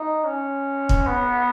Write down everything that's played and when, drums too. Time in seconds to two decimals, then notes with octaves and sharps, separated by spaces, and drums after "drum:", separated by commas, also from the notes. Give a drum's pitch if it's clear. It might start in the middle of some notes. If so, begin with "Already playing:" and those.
Already playing: D#4
0.25 C#4
0.89 drum: kick
1.07 B3